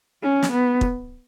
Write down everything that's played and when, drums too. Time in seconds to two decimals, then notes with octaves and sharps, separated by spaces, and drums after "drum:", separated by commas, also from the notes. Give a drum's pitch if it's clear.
0.23 C#4
0.42 drum: snare
0.52 B3
0.81 drum: kick